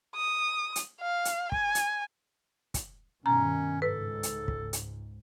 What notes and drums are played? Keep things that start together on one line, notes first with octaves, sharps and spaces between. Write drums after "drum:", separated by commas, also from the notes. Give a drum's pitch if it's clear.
D#6
drum: hi-hat
F5
drum: hi-hat
G#5, drum: kick
drum: hi-hat
drum: kick, hi-hat
G2 B2 D#3 C#4 A#5
C#2 G#2 A4 B4
drum: hi-hat
drum: kick
drum: hi-hat